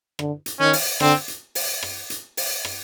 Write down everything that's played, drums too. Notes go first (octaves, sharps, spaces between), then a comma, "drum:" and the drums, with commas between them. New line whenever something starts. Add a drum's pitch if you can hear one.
D3, drum: rim click
drum: hi-hat
D#3 C#4
drum: open hi-hat
D3 C4, drum: rim click
drum: hi-hat
drum: open hi-hat
drum: rim click
drum: hi-hat
drum: open hi-hat
drum: rim click